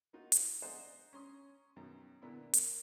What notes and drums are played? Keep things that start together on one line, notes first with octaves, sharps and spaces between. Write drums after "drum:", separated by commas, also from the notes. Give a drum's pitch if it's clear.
A#3 D#4 F4 F#4
drum: hi-hat
C5 D5 D#5 F#5 G#5 A#5
C#4 A#5 C6 D#6
F#2 B2 D#3
A#2 D3 A#3 B3 D4 E4
A#4, drum: hi-hat